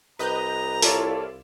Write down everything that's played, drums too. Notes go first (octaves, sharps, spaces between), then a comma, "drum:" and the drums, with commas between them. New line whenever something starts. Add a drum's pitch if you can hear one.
C2 B4 D#5 A#5 G6
E4 F4 A4 C#5 D5 E7, drum: open hi-hat